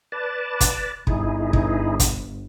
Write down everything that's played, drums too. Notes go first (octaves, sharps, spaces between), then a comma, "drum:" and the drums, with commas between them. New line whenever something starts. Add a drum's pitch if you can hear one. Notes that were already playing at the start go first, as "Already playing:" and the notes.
B4 D5 A5
drum: kick, hi-hat
G1 D#4 E4 G#4, drum: kick
drum: kick
drum: kick, hi-hat